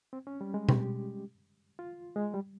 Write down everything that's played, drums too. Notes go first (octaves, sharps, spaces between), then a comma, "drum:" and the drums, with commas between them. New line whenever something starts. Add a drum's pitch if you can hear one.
C4
C#4
G3
G#3
G4, drum: tom B2
F4
G#3
G3